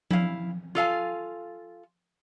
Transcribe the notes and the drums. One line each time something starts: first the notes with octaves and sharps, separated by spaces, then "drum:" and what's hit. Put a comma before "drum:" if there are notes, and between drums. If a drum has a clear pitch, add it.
E4 F5, drum: tom F3
F4 A4 F5 G#5